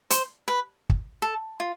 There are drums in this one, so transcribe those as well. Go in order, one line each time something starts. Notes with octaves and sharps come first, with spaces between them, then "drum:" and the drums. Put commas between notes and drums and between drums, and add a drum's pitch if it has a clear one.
C5, drum: hi-hat
B4
drum: kick
A4
F4